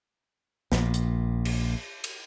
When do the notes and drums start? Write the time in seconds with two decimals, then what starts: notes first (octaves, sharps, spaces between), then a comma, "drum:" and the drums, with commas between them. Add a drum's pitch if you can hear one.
0.72 A#1 A#2, drum: snare
0.94 drum: hi-hat
1.45 drum: cymbal
2.04 drum: cymbal